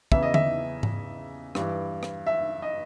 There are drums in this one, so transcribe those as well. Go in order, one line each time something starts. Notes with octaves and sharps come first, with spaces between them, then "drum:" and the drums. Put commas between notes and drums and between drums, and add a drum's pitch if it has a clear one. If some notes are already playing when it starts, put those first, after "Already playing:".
E2 C#3 E3 E5, drum: kick
D#5
E5, drum: tom D3
drum: tom G#2
G2 E3, drum: rim click
drum: rim click
E5
D#5